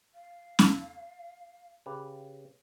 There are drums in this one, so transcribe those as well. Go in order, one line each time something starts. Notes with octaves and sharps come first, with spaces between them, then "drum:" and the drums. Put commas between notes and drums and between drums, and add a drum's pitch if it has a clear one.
F5
drum: snare C#4
C#3 G4 B4